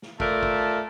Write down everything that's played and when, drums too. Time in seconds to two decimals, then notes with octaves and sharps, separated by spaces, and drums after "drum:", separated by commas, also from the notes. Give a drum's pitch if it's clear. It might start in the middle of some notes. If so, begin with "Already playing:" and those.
0.02 drum: snare
0.20 A3 F4 A#4 D5 A5, drum: kick
0.43 drum: kick